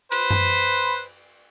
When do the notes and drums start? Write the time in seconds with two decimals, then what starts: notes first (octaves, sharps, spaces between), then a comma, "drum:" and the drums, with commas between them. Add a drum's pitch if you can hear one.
0.12 B4 C5, drum: cymbal
0.30 drum: tom F#2